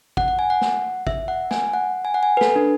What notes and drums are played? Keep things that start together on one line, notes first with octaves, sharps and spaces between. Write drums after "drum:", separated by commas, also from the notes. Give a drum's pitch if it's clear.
F#5, drum: kick
F#5
G#5
F#5
drum: snare
E5, drum: kick
F#5
G#5, drum: snare
F#5
G#5
F#5
G#5
B4
A4, drum: snare
D4